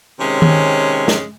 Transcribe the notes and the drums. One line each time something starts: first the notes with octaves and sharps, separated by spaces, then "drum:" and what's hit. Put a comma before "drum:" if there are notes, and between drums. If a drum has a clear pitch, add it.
C3 D#3 G#3 C#4
drum: tom D#3
drum: snare